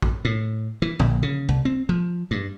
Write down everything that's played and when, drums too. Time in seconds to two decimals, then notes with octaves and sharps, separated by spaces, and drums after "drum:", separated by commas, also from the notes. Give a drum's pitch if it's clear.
0.02 drum: kick
0.25 A2
0.82 E3
0.99 A#1, drum: tom D3
1.23 C#3
1.49 C2
1.65 C4
1.89 F3
2.31 G2